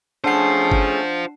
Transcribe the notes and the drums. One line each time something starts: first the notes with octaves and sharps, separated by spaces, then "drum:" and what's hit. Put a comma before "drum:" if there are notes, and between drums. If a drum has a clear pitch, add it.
A3 C#4 D4 F4 G#4 C5 F#5 C7
drum: kick G1